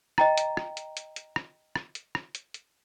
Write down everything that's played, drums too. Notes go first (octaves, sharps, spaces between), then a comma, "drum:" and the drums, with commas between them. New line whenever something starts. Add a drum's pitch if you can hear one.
D#5 G5 A#5, drum: rim click
drum: hi-hat
drum: rim click
drum: hi-hat
drum: hi-hat
drum: hi-hat
drum: rim click
drum: rim click
drum: hi-hat
drum: rim click
drum: hi-hat
drum: hi-hat